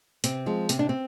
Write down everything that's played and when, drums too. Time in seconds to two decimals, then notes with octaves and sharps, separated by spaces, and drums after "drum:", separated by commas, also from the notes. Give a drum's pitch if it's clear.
0.24 C3 C4, drum: hi-hat
0.46 F3 G#3
0.69 C3 C4, drum: hi-hat
0.79 D4
0.89 C4